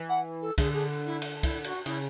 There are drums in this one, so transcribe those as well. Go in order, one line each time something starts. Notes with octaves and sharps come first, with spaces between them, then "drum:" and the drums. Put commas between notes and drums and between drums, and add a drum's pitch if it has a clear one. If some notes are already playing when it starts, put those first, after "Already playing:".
Already playing: E3
F#5
A4
D3 G#4, drum: kick, cymbal
G#4
E4
drum: cymbal
E4, drum: kick, cymbal
F#4, drum: cymbal
C#3 E4, drum: cymbal